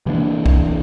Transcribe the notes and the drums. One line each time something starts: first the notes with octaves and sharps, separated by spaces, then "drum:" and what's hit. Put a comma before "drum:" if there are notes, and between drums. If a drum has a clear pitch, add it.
C3 E3 A#3 D4
drum: kick